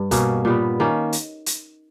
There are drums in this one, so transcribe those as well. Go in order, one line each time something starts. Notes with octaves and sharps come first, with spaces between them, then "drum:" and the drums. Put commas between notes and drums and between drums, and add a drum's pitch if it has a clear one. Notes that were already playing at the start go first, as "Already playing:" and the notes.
Already playing: G2
B2 A#3 C#4, drum: kick, hi-hat
A#2 G3 B3
D#3 A#3 C#4
drum: hi-hat
drum: hi-hat